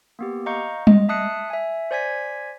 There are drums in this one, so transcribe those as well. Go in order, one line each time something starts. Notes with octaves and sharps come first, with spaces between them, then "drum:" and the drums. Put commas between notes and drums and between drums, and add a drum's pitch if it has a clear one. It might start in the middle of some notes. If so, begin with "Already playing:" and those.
A#3 B3 G4
D#5 F5 A#5 C#6 G6 C#7
D#5, drum: tom G3
E5 A5 D#6 F#6 C7 C#7
E5 G#5
C5 D5 G#5 G#6 B6